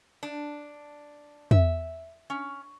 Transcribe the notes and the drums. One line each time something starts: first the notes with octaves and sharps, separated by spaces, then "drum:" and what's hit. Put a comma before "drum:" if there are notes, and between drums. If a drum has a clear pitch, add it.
D4
E5, drum: tom
C#4